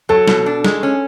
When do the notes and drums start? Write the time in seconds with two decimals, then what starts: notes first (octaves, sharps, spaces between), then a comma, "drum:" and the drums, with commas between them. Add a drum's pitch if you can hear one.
0.09 F#3 A4
0.28 B2, drum: snare
0.46 D4
0.65 G#3, drum: snare
0.83 C#4